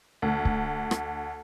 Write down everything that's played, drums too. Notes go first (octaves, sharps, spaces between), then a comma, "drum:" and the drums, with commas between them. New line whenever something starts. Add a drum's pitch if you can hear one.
D2
drum: kick C#1
drum: rim click